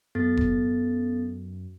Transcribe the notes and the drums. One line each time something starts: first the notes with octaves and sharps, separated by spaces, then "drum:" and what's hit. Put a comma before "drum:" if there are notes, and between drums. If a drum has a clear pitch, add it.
F#2 B3 A4 A6
drum: kick F1